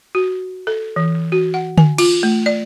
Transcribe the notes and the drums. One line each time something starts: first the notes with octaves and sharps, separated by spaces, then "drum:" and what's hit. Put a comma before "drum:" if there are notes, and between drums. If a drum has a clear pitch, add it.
F#4
A4
E3
F#4
F#5
G#5, drum: tom D3
F4, drum: cymbal
A3
D5